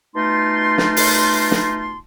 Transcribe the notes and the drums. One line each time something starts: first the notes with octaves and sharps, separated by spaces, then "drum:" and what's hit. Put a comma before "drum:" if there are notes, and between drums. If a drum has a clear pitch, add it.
B2 A3 D#4 F4 A5 C6
drum: snare
drum: open hi-hat
drum: snare